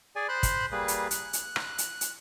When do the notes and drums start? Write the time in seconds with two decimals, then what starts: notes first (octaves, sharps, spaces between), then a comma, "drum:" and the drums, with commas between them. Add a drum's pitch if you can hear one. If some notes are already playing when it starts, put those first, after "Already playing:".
0.16 G#4 D5 G#5
0.29 C5 B5 C6 F#6
0.43 drum: kick, hi-hat
0.72 G3 A#3 G#4 B4
0.88 drum: hi-hat
1.11 F#6, drum: hi-hat
1.33 drum: hi-hat
1.56 drum: rim click
1.78 drum: hi-hat
2.01 drum: hi-hat